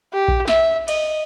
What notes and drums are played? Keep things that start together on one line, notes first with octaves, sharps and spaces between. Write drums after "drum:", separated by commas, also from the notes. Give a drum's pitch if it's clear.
G4
drum: kick A#1
E5, drum: snare
D#5, drum: cymbal